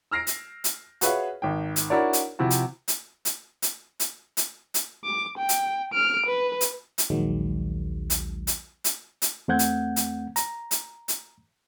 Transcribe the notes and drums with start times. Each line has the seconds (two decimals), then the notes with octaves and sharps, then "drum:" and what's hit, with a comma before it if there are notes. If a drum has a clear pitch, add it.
0.11 E6 F6 A#6 C7 D7
0.27 drum: hi-hat
0.64 drum: hi-hat
1.01 F#4 G#4 B4 C#5 E5 F5, drum: hi-hat
1.42 G#1 G5
1.76 drum: hi-hat
1.90 D4 E4 F#4 A#4 C#5 D5
2.13 drum: hi-hat
2.39 C3 F3 E4 F#4
2.50 drum: hi-hat
2.88 drum: hi-hat
3.25 drum: hi-hat
3.62 drum: hi-hat
4.00 drum: hi-hat
4.37 drum: hi-hat
4.74 drum: hi-hat
5.04 D6
5.38 G5
5.49 drum: hi-hat
5.93 F6 D7
6.27 B4
6.61 drum: hi-hat
6.98 drum: hi-hat
7.10 A#1 D#2 D#3 F#3 G#3
8.10 drum: hi-hat
8.47 drum: hi-hat
8.84 drum: hi-hat
9.22 drum: hi-hat
9.48 E2 A3 C4 F#5 G6 G#6
9.59 drum: hi-hat
9.96 drum: hi-hat
10.36 A#5, drum: hi-hat
10.71 drum: hi-hat
11.08 drum: hi-hat